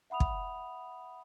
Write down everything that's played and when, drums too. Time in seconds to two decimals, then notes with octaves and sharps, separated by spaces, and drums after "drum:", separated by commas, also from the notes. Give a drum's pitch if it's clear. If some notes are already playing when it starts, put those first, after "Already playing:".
0.10 E5 F#5 B5 D#6 F7
0.20 drum: kick